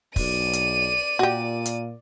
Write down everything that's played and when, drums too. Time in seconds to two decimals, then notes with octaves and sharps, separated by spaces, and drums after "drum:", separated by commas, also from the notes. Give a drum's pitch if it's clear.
0.16 B1 D5 D#7, drum: kick, open hi-hat
0.53 drum: hi-hat
1.19 A#2 F#4 G4
1.66 drum: hi-hat